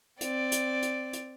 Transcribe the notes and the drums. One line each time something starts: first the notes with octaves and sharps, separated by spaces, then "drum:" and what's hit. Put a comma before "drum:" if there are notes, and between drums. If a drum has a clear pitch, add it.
C4 D5, drum: hi-hat
drum: hi-hat
drum: hi-hat
drum: hi-hat